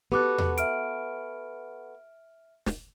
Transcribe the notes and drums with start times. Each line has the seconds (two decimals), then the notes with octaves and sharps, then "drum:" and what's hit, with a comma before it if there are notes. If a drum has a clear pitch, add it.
0.12 B3 F#4 G4 A4 D6 F#6
0.38 drum: tom E2
0.58 E5 F6 D7, drum: hi-hat
2.66 drum: snare